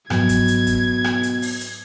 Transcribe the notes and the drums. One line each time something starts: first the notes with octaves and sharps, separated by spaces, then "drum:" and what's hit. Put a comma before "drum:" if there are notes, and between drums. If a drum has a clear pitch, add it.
G#2 B2 F3 F#3 G#6, drum: rim click
drum: kick, hi-hat
drum: hi-hat
drum: kick, hi-hat
drum: rim click
drum: hi-hat
drum: open hi-hat
drum: hi-hat